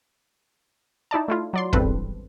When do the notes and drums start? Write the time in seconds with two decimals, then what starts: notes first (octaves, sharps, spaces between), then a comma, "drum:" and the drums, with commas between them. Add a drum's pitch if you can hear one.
1.11 D#4 E4 D5 A5
1.28 A3 E4 F4
1.53 F#3 D5 C6
1.73 G#1 E2 G2 C4 A4 B4, drum: kick